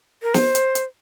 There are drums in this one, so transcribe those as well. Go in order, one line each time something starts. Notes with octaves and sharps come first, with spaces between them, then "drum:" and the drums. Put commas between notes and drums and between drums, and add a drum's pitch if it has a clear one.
A#4
C5, drum: snare
drum: hi-hat
drum: hi-hat